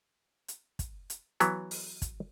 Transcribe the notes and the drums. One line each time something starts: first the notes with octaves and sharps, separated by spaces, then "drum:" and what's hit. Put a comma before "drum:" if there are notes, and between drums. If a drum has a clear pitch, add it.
drum: hi-hat
drum: kick, hi-hat
drum: hi-hat
E3 F#3 B3, drum: hi-hat
drum: open hi-hat
drum: kick, hi-hat